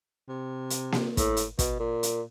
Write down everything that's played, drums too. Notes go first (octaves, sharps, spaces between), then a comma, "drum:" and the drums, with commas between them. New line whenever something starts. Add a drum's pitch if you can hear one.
C3
drum: hi-hat
drum: snare A#3
A2, drum: kick, hi-hat
drum: hi-hat
B2, drum: kick, hi-hat
A#2
drum: hi-hat